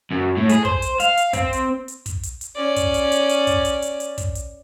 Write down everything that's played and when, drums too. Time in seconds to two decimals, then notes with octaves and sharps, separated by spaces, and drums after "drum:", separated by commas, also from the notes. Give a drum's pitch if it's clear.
0.11 F#2
0.37 A2
0.49 G#4, drum: hi-hat
0.65 C5, drum: kick
0.82 drum: hi-hat
1.00 F5, drum: hi-hat
1.17 drum: hi-hat
1.33 C4, drum: kick, hi-hat
1.53 drum: hi-hat
1.88 drum: hi-hat
2.06 drum: kick, hi-hat
2.23 drum: hi-hat
2.41 drum: hi-hat
2.56 C#4 D5
2.76 drum: kick, hi-hat
2.94 drum: hi-hat
3.12 drum: hi-hat
3.29 drum: hi-hat
3.47 drum: kick, hi-hat
3.65 drum: hi-hat
3.82 drum: hi-hat
4.00 drum: hi-hat
4.18 drum: kick, hi-hat
4.35 drum: hi-hat